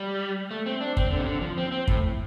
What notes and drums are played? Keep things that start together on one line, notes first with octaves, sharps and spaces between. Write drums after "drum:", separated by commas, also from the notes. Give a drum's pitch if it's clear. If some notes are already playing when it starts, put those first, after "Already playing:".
Already playing: G3
A3
C4
D4
C4, drum: kick
D3
C3
D3
F3
C4
C4
A2, drum: kick